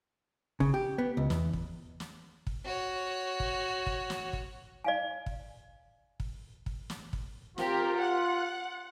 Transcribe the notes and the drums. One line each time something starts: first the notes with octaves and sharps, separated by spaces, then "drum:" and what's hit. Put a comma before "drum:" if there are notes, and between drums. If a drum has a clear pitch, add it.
C#3, drum: kick
G4
B3
C#2
E2, drum: snare
drum: kick
drum: snare
drum: kick
F#4 C#5
drum: kick
drum: kick
drum: snare
drum: kick
D5 F5 G#5
drum: kick
drum: kick
drum: kick
drum: snare
drum: kick
C4 F4 G4 A#4, drum: snare
F#5